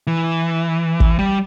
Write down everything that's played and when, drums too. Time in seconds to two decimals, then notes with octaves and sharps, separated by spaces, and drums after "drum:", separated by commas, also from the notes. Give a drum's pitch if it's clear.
0.07 E3
1.00 drum: kick
1.19 G3